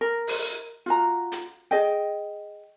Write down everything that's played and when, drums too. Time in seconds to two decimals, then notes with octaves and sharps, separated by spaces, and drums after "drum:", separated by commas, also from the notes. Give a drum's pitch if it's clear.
0.01 A#4
0.27 drum: open hi-hat
0.86 F4 F#4 A#5
1.32 drum: hi-hat
1.71 G#4 D#5 G5